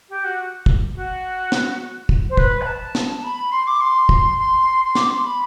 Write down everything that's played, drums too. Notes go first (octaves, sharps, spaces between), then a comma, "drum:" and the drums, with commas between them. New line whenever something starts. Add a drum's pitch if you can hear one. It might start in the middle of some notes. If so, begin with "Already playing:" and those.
G4
F#4
drum: kick
F#4
drum: snare
drum: kick
C5
B4, drum: kick
B5
A5
drum: snare
B5
C6
D6
C6
drum: kick
C6
C6
D6, drum: snare
C6
B5